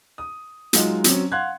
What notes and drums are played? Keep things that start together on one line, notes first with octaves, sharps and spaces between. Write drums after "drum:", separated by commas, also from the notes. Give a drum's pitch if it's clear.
D#6
F#3 G#3 D#4 F4, drum: hi-hat
F#3 C4 C#4, drum: hi-hat
F5 F#5 C6 F#6 G#6